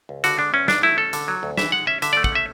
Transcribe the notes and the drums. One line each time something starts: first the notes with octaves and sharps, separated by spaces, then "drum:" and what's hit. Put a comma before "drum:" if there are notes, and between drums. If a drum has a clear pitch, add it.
C#2
D3 F#4, drum: hi-hat
G#3 D4
E2 C#4
F#3 D4, drum: snare
A3 E4
C#4 A4
D3, drum: hi-hat
F#3
D2
E3 E5, drum: snare
G#3 F#5
C#4 E5
D3 E5, drum: hi-hat
A3 D5
F#5, drum: kick
C#4 E5